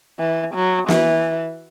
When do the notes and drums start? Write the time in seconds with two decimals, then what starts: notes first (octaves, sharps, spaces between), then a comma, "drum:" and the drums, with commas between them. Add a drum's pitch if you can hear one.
0.19 E3
0.55 F#3
0.88 E3, drum: snare